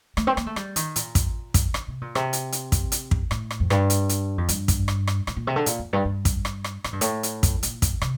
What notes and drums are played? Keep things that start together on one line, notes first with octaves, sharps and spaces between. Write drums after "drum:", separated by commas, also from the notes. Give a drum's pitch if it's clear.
A3, drum: rim click
C4
A#3, drum: rim click
A3
G3, drum: rim click
D#3, drum: hi-hat
A#2, drum: hi-hat
drum: kick, hi-hat
drum: kick, hi-hat
D3, drum: rim click
C3
A#2
C3, drum: rim click
drum: hi-hat
drum: hi-hat
drum: kick, hi-hat
drum: hi-hat
drum: kick
A2, drum: rim click
drum: rim click
F2
G2, drum: rim click
drum: hi-hat
drum: hi-hat
F2
G2, drum: hi-hat
drum: kick, hi-hat
drum: rim click
drum: rim click
A2, drum: rim click
A#2
C3
D3
A#2, drum: hi-hat
F2
G2
G2
drum: kick, hi-hat
drum: rim click
drum: rim click
A2, drum: rim click
G2
A2, drum: hi-hat
drum: hi-hat
drum: kick, hi-hat
A#2, drum: hi-hat
drum: kick, hi-hat
C3, drum: rim click